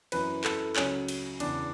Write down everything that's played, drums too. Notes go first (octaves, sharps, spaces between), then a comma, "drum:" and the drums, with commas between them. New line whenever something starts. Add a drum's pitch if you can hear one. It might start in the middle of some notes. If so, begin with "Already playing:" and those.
F#2 E3 B4, drum: cymbal
A4, drum: clap
C#2 C#3 F#3 C#4, drum: clap
drum: cymbal
E2 C#3 E3 D4, drum: cymbal